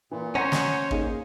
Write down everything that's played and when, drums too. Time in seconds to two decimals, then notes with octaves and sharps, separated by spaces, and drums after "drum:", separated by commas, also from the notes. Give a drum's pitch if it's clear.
0.11 A#2 E3
0.35 C#4 C5 C#5 F#5 A#5 A#6
0.52 drum: snare
0.91 A#3 D#4 G#4, drum: kick